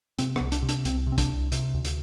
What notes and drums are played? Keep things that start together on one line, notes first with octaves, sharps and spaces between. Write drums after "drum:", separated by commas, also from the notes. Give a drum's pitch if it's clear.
C3 C4, drum: hi-hat
B3, drum: rim click
C2
D4, drum: hi-hat
C3
D4, drum: hi-hat
C2 C4, drum: hi-hat
C3
C4
D4, drum: kick, hi-hat
C2
C3, drum: hi-hat
D2
drum: hi-hat